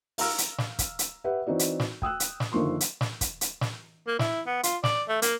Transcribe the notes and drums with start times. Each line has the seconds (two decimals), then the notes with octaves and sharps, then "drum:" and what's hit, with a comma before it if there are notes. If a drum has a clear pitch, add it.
0.18 F5 A#5 E6 F6, drum: open hi-hat
0.38 drum: hi-hat
0.58 drum: snare
0.79 drum: kick, hi-hat
0.99 drum: hi-hat
1.24 G4 B4 E5 F#5
1.47 E3 C4 D#4 F#4 D5
1.59 drum: hi-hat
1.80 drum: snare
2.02 G5 D#6 E6 F#6, drum: kick
2.20 drum: hi-hat
2.40 drum: snare
2.52 F#1 D3 D#3 F3 C6 C#6
2.81 drum: hi-hat
3.01 drum: snare
3.21 drum: kick, hi-hat
3.41 drum: hi-hat
3.61 drum: snare
4.07 A#3
4.19 E4, drum: snare
4.47 B3
4.63 F4, drum: hi-hat
4.84 D5, drum: snare
5.09 A3
5.22 A#3, drum: hi-hat